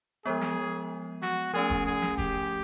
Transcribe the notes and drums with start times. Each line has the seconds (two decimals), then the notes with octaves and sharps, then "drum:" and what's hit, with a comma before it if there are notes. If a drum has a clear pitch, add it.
0.25 F3 G#3 B3 G#4
0.41 drum: snare
1.22 F#4, drum: snare
1.54 F3 A3 C#4 G#4
1.70 drum: kick
1.86 G#4
2.02 drum: snare
2.18 G4, drum: kick